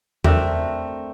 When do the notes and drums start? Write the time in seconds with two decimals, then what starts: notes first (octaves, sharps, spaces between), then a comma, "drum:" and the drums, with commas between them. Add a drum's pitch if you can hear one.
0.24 A3 C4 D4 A#4, drum: tom E2